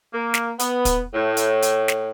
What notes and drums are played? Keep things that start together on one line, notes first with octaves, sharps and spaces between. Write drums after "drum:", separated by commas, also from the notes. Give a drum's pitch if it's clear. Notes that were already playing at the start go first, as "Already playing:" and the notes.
A#3
drum: snare
B3, drum: hi-hat
drum: kick, hi-hat
A2
drum: hi-hat
drum: hi-hat
drum: snare